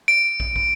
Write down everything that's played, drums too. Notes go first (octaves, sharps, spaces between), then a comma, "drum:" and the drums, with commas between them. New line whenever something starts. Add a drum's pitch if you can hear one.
D7
drum: kick
drum: kick